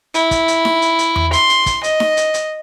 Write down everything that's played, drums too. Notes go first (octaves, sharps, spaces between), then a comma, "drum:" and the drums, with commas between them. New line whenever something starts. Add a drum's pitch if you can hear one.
E4, drum: hi-hat
drum: kick, hi-hat
drum: hi-hat
drum: snare D#4
drum: hi-hat
drum: hi-hat
drum: tom E2
C6, drum: hi-hat
drum: hi-hat
drum: kick, hi-hat
D#5, drum: hi-hat
drum: snare D#4
drum: hi-hat
drum: hi-hat